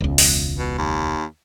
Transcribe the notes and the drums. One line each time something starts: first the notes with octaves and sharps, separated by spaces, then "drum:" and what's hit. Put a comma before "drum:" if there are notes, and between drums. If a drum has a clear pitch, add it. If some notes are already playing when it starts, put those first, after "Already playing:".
E1 C#2
drum: open hi-hat
B2
D#2